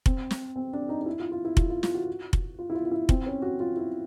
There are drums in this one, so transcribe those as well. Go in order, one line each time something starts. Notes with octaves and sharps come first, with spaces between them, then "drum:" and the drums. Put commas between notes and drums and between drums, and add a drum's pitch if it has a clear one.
C4, drum: kick F1
drum: snare
C4
D4
D#4
D#4
E4
F4
F4
E4
F4, drum: kick F1
F4
F4, drum: snare
F#4
drum: kick F1
F4
E4
F4
F4
E4
C4, drum: kick F1
C#4
F#4
F4
E4